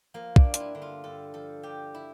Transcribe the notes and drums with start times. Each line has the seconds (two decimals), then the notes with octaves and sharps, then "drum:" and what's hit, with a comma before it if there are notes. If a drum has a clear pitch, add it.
0.14 F3 A#3
0.36 D4, drum: kick
0.44 G2
0.54 F4, drum: hi-hat
0.60 E4
0.75 D3
0.82 F4
1.04 G2 A4
1.34 F3 A4
1.63 G2 G4
1.94 E4